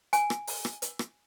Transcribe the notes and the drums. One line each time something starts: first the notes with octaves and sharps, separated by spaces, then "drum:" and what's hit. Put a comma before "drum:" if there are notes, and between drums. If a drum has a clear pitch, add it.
G#5, drum: hi-hat
drum: rim click
drum: open hi-hat
drum: rim click
drum: hi-hat
drum: rim click